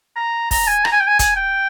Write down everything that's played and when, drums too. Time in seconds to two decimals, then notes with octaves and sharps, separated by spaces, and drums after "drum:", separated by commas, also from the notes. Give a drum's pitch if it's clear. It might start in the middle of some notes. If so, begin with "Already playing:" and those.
0.16 A#5
0.51 A#5, drum: kick, open hi-hat
0.68 G#5
0.85 A#5, drum: rim click
0.93 G#5
1.00 G5
1.08 G#5
1.19 G#5, drum: kick, hi-hat
1.36 G5